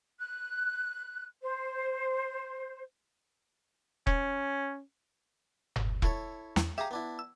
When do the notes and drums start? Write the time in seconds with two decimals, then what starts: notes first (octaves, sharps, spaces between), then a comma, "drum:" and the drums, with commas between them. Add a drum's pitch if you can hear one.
0.19 F#6
1.42 C5
4.07 C#4, drum: kick E1
5.76 drum: tom F#1
6.02 E4 A4 C#5, drum: kick E1
6.56 E2, drum: snare
6.78 G4 G#4 E5 F5 A#5
6.91 B3 D4 E4
7.19 E6